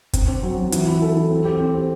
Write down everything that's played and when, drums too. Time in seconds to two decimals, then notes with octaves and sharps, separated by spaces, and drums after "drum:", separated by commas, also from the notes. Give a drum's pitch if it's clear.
0.13 C4, drum: kick, hi-hat
0.28 C4
0.43 F#3
0.58 F#3
0.72 E3, drum: hi-hat
0.87 E4
1.02 A4
1.16 E3
1.30 C4
1.45 G4
1.60 C4
1.74 G4